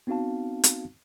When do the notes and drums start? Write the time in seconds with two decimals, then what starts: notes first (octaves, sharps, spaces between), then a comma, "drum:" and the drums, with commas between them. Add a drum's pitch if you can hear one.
0.07 B3 C4 D#4 F#4 F5 A5
0.64 drum: hi-hat